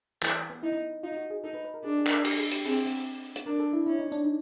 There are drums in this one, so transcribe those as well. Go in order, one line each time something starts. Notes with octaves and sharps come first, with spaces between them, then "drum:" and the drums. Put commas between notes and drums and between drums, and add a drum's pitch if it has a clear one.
E3, drum: clap
B3
D#4 E4
D#4 F4
F#4
G#4
D#4 A4
B4
B4
A#4
D4 G#4
G#4
A#4, drum: clap
A4
G4, drum: cymbal
A4
G#4
G4, drum: hi-hat
C4 G#4, drum: open hi-hat
drum: hi-hat
D4 A#4
A4
E4
C#4 E4
D#4
D4
D#4